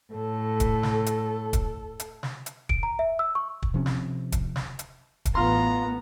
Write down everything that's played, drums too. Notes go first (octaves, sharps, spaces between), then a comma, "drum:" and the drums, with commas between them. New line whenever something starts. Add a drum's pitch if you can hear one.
A2 A4
drum: kick, hi-hat
drum: snare
drum: hi-hat
drum: kick, hi-hat
drum: hi-hat
drum: snare
drum: hi-hat
D7, drum: kick
A#5
E5
E6
C#6
drum: kick
C3 F3 C4 C#4
drum: snare
drum: kick, hi-hat
drum: snare
drum: hi-hat
drum: kick, hi-hat
A1 B3 F4 A#5 C6